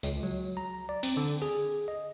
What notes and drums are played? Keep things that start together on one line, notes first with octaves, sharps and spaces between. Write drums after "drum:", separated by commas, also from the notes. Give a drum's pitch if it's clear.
C#2, drum: tambourine
F#3
A#5
D5
C4, drum: open hi-hat
D3
G#4
D#5